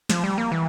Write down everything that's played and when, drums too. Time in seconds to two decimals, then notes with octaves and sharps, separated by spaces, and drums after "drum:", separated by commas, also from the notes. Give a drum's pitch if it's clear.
0.09 F3, drum: snare
0.24 G3
0.38 A#3
0.52 E3